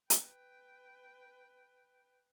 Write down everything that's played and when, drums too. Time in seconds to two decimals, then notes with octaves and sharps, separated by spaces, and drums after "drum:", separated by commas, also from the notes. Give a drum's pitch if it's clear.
0.10 B4 G5, drum: hi-hat